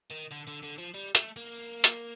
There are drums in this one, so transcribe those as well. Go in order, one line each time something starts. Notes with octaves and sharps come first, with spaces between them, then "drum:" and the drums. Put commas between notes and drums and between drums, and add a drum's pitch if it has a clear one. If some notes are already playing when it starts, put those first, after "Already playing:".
D#3
D3
D3
D3
F3
G3
A3, drum: hi-hat
A#3
drum: hi-hat